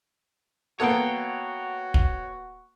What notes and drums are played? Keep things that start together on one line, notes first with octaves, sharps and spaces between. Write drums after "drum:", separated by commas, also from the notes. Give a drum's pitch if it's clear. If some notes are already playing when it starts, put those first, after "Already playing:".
A#3 B3 F#4 A4 C#5 G5
drum: kick